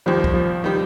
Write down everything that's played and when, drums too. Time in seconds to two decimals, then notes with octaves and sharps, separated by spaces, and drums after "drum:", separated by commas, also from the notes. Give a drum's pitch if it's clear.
0.06 D#2 D#3 F3 G3
0.24 drum: kick
0.34 F3
0.64 D#3 G3